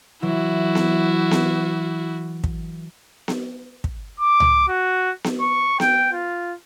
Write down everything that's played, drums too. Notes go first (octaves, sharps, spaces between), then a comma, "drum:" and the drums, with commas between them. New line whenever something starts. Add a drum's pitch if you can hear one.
E3 F#3 E4 F#4
drum: snare B3
drum: snare B3
drum: kick
drum: snare B3
drum: kick
D6
drum: tom C#2
F#4
drum: snare B3
C#6
G5, drum: snare B3
F4